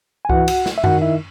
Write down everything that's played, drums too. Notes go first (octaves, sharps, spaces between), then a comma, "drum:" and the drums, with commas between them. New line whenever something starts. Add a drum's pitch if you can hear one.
G#5
E3 F#4 F#5, drum: kick C2
drum: cymbal
drum: snare
E5
D#3 F#4 F#5, drum: tom F#2
E4 E5